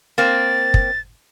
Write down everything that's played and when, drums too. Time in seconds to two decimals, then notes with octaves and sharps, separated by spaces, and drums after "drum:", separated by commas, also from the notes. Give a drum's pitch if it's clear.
0.18 A#3 C4 A6
0.74 drum: kick